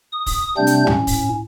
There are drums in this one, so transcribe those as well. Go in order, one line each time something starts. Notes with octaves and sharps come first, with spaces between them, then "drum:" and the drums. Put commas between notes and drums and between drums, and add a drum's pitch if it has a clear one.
D#6
drum: kick, open hi-hat
C3 G3 A3 C4 D4 G6
drum: hi-hat
A2 C#4, drum: tom
drum: kick, open hi-hat